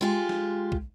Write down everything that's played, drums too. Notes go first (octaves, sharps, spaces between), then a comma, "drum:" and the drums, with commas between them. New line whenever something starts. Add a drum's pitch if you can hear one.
G#3 F4 G4
drum: snare
drum: kick